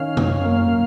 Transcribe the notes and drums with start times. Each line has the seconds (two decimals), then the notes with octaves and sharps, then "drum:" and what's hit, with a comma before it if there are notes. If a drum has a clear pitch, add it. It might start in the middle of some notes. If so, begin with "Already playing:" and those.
Already playing: D#3 C#4 F5
0.17 F#2, drum: tom C3
0.45 A#3